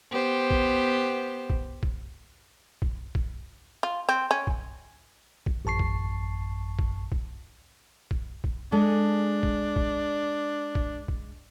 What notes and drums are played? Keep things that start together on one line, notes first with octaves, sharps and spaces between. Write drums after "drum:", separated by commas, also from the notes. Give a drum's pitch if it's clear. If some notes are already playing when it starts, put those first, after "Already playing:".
B3 G4 C5
drum: kick
drum: kick
drum: kick
drum: kick
drum: kick
F4
C4
C#4
drum: kick
drum: kick
A1 F#2 A5 C#6 C7
drum: kick
drum: kick
drum: kick
drum: kick
drum: kick
G#3 D4 G#4 A4
drum: kick
drum: kick
drum: kick
drum: kick